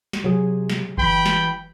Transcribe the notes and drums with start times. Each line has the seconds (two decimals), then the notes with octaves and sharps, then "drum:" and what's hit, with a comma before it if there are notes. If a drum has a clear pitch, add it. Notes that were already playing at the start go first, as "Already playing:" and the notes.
0.13 drum: snare
0.24 C3 F#3 G#4
0.69 drum: snare
0.98 E3 G5 B5, drum: kick F#1
1.26 drum: snare